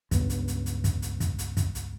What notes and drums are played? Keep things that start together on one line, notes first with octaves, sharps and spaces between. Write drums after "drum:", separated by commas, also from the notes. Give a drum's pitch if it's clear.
C#2 G2 B3, drum: kick, hi-hat
drum: hi-hat
drum: hi-hat
drum: hi-hat
drum: kick, hi-hat
drum: hi-hat
drum: kick, hi-hat
drum: hi-hat
drum: kick, hi-hat
drum: hi-hat